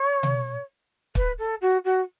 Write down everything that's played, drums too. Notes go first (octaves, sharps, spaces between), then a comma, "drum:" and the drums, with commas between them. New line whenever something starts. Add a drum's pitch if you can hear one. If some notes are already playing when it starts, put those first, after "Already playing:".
Already playing: C#5
drum: tom B2
B4, drum: kick
A4
F#4
F#4